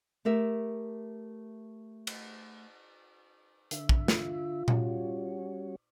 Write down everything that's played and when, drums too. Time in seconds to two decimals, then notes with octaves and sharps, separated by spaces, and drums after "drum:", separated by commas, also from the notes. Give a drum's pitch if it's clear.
0.25 A3 G4 A#4 E5
2.07 drum: cymbal
3.71 D3 E5, drum: hi-hat
3.89 drum: kick
4.08 F4, drum: snare
4.68 G3 C#4 F#4, drum: tom A#2